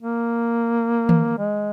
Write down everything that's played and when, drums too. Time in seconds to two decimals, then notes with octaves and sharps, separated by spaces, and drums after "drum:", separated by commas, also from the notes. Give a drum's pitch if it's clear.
0.02 A#3
1.09 drum: tom D#3
1.38 G#3